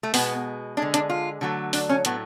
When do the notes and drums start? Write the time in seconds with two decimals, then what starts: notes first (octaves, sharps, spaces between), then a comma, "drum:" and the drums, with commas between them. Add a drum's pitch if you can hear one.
0.03 A3
0.14 B2 G#3 B3, drum: open hi-hat
0.77 D3 G#3 D4
0.94 D4, drum: hi-hat
1.10 F4
1.41 D3 F#3 A3
1.73 D4, drum: open hi-hat
1.89 C#4
2.05 A2 F#3 A3 B3, drum: hi-hat